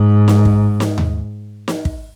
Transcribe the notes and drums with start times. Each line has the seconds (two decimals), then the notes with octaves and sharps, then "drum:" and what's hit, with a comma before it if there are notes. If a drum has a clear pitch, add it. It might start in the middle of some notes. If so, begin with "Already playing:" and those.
Already playing: G#2
0.28 drum: snare
0.45 drum: kick
0.80 drum: snare
0.98 drum: tom D#2
1.68 drum: snare
1.85 drum: kick